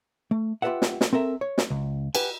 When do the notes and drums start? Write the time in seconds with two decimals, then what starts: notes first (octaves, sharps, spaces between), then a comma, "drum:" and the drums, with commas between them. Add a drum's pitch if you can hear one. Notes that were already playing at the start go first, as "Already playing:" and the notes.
0.31 A3
0.62 F4 G4 A4 B4 E5 F#5
0.82 drum: snare
1.01 drum: snare
1.13 C4 A4 A#4 E5
1.41 C#5
1.58 drum: snare
1.70 C#2
2.15 G4 B4 F#5 G#5, drum: cymbal